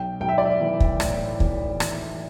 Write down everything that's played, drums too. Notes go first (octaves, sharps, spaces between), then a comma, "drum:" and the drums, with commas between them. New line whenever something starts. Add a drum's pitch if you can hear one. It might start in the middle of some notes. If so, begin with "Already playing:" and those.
Already playing: B1 G5
B1 G5
E5
D5
E5
E3
drum: kick
A2, drum: rim click
E3, drum: kick
E3, drum: rim click